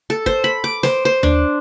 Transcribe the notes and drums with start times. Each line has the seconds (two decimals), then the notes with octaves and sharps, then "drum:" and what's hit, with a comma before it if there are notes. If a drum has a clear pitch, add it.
0.10 A4
0.26 C5, drum: kick
0.44 B5
0.64 D6
0.83 C5, drum: snare
1.05 C5
1.23 D4, drum: tom D#2